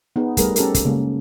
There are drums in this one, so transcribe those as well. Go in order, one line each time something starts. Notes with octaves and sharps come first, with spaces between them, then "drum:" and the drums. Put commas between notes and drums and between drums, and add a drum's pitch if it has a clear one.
B3 D#4 G#4
G3 A3 G#4 A#4 B4, drum: kick, hi-hat
C#4 G4 A4 A#4, drum: hi-hat
drum: kick, hi-hat
C#3 G#3 A#3 C#4